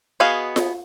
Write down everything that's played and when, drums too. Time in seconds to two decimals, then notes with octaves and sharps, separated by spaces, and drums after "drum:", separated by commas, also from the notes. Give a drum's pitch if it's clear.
0.20 B3 F#4 G#4 D#5 F5
0.56 drum: snare F4